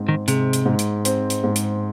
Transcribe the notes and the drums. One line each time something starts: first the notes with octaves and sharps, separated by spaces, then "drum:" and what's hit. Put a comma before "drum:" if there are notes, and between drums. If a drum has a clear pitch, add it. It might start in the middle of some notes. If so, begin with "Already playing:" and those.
Already playing: G#2 C4
D#3
C3 G#3, drum: hi-hat
drum: hi-hat
G#2
drum: hi-hat
C4, drum: hi-hat
drum: hi-hat
G#2
drum: hi-hat